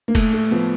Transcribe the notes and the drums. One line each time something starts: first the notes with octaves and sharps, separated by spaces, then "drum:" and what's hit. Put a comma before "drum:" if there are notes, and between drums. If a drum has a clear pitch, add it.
A#3
A2 A3, drum: kick F1, cymbal
A3
F3 A3 B3